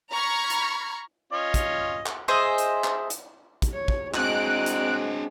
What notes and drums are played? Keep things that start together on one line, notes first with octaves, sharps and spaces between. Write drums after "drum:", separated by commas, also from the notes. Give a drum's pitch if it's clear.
A#5 B5 C#6 F6 G#6
drum: hi-hat
C#4 F4 D#5
drum: kick, hi-hat
drum: clap
G#4 C5 D#5 E5
drum: hi-hat
drum: clap
drum: hi-hat
drum: kick, hi-hat
C#5
drum: kick
G#3 C4 D4 F#4 D#5 F#6 D7, drum: clap
drum: hi-hat